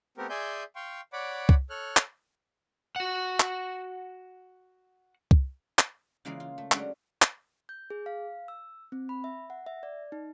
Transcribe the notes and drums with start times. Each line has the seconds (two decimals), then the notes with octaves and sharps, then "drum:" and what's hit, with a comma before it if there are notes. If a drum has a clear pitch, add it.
0.17 A3 B3 C4 G4 A#4
0.30 G#4 D5 E5 G#5 C6 G6
0.76 F5 G5 C6 C#6
1.13 C#5 D5 F#5 B5 D6
1.49 drum: kick
1.70 A4 C#5 F6 F#6
1.97 drum: clap
2.96 F#4 F#5
3.40 drum: clap
5.31 drum: kick
5.79 drum: clap
6.25 C#3 E3 G#3 A#3 F4 G#4
6.40 F4
6.58 A3
6.72 F#3 G#3 A3 C#4 D4 F#4, drum: clap
7.22 drum: clap
7.69 G6
7.90 G#4
8.06 F5
8.48 E6
8.92 C4
9.09 B5
9.24 E5
9.50 F#5
9.66 E5
9.83 D5
10.12 D#4